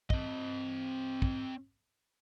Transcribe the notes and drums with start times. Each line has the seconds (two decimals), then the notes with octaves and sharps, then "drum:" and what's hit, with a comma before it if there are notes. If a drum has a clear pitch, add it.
0.10 C4 D#5, drum: kick
1.22 drum: kick